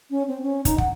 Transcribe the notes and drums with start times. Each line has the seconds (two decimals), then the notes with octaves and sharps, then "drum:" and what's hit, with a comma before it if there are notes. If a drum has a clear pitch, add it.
0.11 C#4
0.28 C4
0.42 C#4
0.65 D#4, drum: kick, hi-hat
0.78 F#5, drum: kick